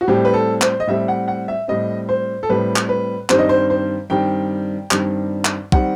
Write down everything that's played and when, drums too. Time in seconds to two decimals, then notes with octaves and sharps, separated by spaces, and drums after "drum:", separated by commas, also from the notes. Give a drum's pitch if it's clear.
0.01 F#4
0.08 A2 G3 C4 G4
0.25 B4
0.34 A4
0.61 C5, drum: clap
0.80 D#5
0.87 A2 G3 C4 E5
1.08 F#5
1.28 F#5
1.48 E5
1.68 A2 G3 C4 D#5
2.09 C5
2.43 A4
2.49 A2 G3 C4 B4
2.76 drum: clap
2.89 B4
3.30 G2 D#3 G3 C4 C5, drum: clap
3.39 D#5
3.49 C5
3.70 C5
4.10 G2 D#3 G3 C4 G5
4.91 G2 D#3 G3 C4, drum: clap
5.45 drum: clap
5.72 D#3 G3 C4 F#5, drum: kick